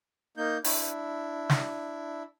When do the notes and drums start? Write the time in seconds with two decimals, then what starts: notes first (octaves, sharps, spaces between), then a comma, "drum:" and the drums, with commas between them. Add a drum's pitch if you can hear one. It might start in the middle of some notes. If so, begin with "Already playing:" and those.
0.37 A#3 D#4 G6
0.64 D4 E4, drum: open hi-hat
1.49 drum: snare